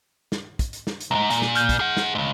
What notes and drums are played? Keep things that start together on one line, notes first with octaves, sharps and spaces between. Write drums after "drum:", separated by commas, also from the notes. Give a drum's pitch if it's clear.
drum: snare
drum: kick, hi-hat
drum: hi-hat
drum: snare
drum: hi-hat
C2 G#2 A#5
A#2, drum: hi-hat
drum: snare
F6 G6, drum: hi-hat
drum: kick, hi-hat
G#4 F#5
drum: snare
C#2 G#2